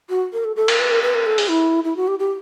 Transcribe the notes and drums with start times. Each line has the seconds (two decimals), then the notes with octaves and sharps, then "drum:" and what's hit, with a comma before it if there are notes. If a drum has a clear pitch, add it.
0.10 F#4
0.33 A#4
0.44 A4
0.56 A4
0.68 A#4, drum: cymbal
0.80 B4
0.91 A#4
1.03 B4
1.14 A#4
1.26 A4
1.38 G#4, drum: open hi-hat
1.49 E4
1.84 E4
1.96 F#4
2.08 G4
2.19 G4